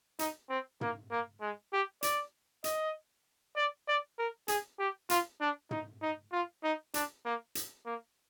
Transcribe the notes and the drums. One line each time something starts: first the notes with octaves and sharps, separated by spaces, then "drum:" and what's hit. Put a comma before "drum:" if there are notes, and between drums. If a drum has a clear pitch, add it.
D#4, drum: hi-hat
C4
A#3, drum: tom
A#3
G#3
G4
D5, drum: hi-hat
D#5, drum: hi-hat
D5
D5
A#4
G#4, drum: hi-hat
G4
F4, drum: hi-hat
D4
D#4, drum: tom
D#4
F4
D#4
D4, drum: hi-hat
A#3
drum: hi-hat
A#3